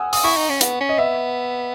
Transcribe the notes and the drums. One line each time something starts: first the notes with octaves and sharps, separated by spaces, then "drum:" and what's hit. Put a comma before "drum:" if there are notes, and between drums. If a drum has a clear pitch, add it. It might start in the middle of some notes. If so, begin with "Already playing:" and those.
Already playing: F#5 G#5 D#6 E6
D#6, drum: open hi-hat
E4 C#6
D#4
C#4
B3, drum: hi-hat
C#4
D#5
B3 E5